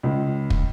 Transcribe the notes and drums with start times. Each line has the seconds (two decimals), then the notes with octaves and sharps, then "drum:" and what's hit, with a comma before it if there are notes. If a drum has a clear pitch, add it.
0.03 C#2
0.50 drum: kick